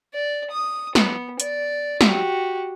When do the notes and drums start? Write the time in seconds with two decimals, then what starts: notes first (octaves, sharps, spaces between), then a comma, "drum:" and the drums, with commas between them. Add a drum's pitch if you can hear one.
0.13 D5
0.50 D#6
0.95 B3, drum: snare
1.40 D5, drum: hi-hat
2.01 F#4 G4, drum: snare